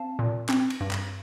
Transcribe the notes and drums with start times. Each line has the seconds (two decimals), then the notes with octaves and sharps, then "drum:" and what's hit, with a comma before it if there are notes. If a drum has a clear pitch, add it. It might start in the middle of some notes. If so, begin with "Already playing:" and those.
Already playing: C4 F5 A5
0.19 A#2
0.49 C4, drum: clap
0.70 drum: cymbal
0.81 G2
0.91 drum: clap